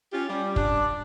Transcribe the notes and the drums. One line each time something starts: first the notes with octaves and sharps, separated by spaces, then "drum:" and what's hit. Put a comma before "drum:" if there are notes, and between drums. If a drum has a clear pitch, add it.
C#4 F4 G4
G3
D4, drum: kick